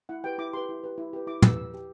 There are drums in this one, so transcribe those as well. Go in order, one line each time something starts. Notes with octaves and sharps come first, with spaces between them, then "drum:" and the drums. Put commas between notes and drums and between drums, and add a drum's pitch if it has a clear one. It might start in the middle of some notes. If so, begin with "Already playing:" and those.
E4 F#5
G4 B4 G5
E4 D6
G4 B4 C6
E4
G4 B4
E4
G4 B4
E4 D6
G4 B4 E6, drum: tom
E4 E6
G4 B4